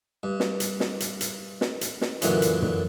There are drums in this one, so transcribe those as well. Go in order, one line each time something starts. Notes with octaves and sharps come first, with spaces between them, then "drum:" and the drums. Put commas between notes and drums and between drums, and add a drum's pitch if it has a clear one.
G2
drum: snare
drum: hi-hat
drum: snare
drum: hi-hat
drum: hi-hat
drum: snare
drum: hi-hat
drum: snare
F#2 A#2 D3 E3 C#4, drum: hi-hat
drum: hi-hat
drum: tom